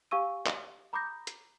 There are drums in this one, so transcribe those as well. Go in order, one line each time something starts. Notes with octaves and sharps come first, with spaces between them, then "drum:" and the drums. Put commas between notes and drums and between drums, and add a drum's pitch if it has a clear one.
G4 F5 G#5 C#6 E6 D#7
drum: clap
A#5 B5 D6 D#6 G6 A#6
drum: hi-hat